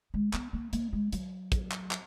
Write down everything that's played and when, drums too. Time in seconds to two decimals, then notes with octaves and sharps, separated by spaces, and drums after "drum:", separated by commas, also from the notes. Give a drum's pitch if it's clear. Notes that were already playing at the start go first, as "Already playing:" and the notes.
0.14 G#3
0.33 B3, drum: clap
0.53 A#3
0.73 A#3, drum: hi-hat
0.93 G#3
1.12 F#3, drum: hi-hat
1.52 drum: kick, hi-hat
1.71 drum: clap
1.91 drum: clap